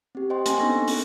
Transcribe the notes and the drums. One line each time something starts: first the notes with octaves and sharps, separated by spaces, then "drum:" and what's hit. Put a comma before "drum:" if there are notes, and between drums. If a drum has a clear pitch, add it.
C4 G4
C5 D#5 G5 C6
A#3 C4 C#4 G#5 C6, drum: hi-hat
B3 D4 D#4 A4 C#6 A#6
C#4, drum: open hi-hat